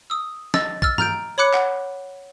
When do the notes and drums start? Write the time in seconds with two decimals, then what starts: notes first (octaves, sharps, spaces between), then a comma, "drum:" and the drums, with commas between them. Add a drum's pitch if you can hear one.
0.10 D#6 E6
0.54 D#5 E6 A6, drum: snare
0.82 E6 F6 A6, drum: kick A#1
0.98 A#5 F6 G6 D7, drum: tom G2
1.38 C#5 B5 D6 F#6 C#7
1.54 F#5, drum: clap